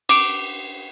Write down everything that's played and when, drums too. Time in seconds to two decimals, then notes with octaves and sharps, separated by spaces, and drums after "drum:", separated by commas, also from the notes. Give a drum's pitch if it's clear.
0.09 D6 D7, drum: cymbal